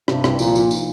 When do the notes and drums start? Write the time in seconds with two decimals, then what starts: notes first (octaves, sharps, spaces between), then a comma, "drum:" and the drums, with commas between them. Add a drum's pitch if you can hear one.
0.08 G2 C3, drum: rim click
0.24 C2, drum: rim click
0.39 A#2 F3, drum: tambourine
0.56 F3, drum: tambourine
0.71 D#4, drum: tambourine